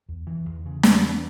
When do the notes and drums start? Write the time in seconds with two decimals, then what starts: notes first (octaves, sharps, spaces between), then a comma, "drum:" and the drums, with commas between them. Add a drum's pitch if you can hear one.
0.09 E2
0.27 E3
0.46 E2
0.65 C#3
0.83 E2, drum: snare
1.03 B3